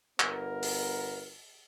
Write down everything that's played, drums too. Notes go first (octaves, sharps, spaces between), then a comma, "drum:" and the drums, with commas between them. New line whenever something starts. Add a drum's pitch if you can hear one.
G1 B3 A#4, drum: clap
drum: open hi-hat